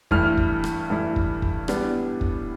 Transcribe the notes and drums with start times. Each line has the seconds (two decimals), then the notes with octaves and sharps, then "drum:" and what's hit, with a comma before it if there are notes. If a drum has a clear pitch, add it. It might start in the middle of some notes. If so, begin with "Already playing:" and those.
0.11 G2 E3 A3 E4 F6, drum: kick
0.37 drum: kick
0.64 drum: rim click
0.90 G2 E3 A3 E4
1.16 drum: kick
1.42 drum: kick
1.68 A2 G3 B3 D4, drum: rim click
2.21 drum: kick